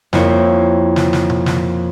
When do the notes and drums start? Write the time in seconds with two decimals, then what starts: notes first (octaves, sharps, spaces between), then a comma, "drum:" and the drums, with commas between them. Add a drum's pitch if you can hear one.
0.13 F2 A#3 E4 C#5 G6, drum: snare
0.96 drum: snare
1.13 drum: snare
1.30 drum: tom B2
1.46 drum: snare